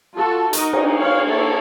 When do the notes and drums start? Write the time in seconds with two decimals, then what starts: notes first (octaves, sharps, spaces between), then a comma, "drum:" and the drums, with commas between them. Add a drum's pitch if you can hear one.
0.15 F4 F#4 A4 A5
0.53 D#4 F#4 A#4 D#5, drum: hi-hat
0.73 drum: cymbal
0.99 C#5 F5
1.28 A#3 A4 C#5 E5